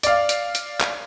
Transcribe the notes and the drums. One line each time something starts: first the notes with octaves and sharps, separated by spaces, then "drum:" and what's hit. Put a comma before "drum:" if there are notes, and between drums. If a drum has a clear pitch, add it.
D5 F5, drum: hi-hat
drum: hi-hat
drum: hi-hat
drum: clap